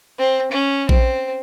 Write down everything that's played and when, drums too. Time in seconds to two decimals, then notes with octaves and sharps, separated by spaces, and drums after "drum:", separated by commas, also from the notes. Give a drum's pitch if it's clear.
0.19 C4
0.51 C#4
0.89 C4, drum: kick A#1